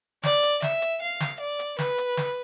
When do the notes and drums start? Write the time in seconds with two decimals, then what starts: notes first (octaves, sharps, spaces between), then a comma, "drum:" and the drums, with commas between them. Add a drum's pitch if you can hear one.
0.23 D5, drum: snare
0.43 drum: hi-hat
0.62 E5, drum: snare
0.82 drum: hi-hat
1.01 F5
1.20 drum: snare
1.40 D5
1.59 drum: hi-hat
1.79 B4, drum: snare
1.98 drum: hi-hat
2.17 drum: snare